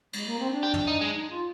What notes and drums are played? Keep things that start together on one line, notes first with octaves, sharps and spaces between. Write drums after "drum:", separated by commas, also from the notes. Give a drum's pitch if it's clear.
G#3, drum: cymbal
A#3
C4
D4
G4
drum: tom
D#4
G#3
D#4
F4